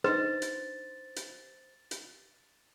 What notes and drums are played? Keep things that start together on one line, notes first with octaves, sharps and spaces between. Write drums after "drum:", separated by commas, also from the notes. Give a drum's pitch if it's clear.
D4 D#4 B4 C5 D#5 A6, drum: rim click
drum: hi-hat
drum: hi-hat
drum: hi-hat